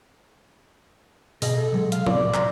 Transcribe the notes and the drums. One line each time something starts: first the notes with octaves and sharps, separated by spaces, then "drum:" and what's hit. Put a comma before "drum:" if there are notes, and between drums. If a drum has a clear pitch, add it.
B2 G#4 D#5, drum: open hi-hat
A4
C3 F#3 G#3
F5, drum: hi-hat
D5, drum: tom A2
A#5 C6, drum: clap